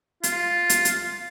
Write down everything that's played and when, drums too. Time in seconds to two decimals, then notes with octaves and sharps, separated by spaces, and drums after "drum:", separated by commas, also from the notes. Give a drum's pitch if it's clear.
0.23 F4, drum: hi-hat
0.70 drum: hi-hat
0.85 drum: hi-hat